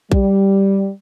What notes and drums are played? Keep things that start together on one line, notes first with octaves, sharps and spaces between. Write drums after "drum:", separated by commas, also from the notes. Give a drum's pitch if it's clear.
G3, drum: kick A#1